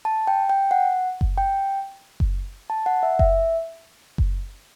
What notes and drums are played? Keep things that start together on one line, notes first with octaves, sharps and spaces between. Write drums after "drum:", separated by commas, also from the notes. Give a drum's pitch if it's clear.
A5
G5
G5
F#5
drum: kick F#1
G5
drum: kick F#1
A5
F#5
E5
E5, drum: kick F#1
drum: kick F#1